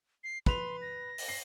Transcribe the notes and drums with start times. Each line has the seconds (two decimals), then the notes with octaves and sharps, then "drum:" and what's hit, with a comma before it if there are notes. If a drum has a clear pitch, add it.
0.24 C7
0.46 B4 C6 F7, drum: kick
0.81 A#6
1.18 drum: open hi-hat
1.28 C7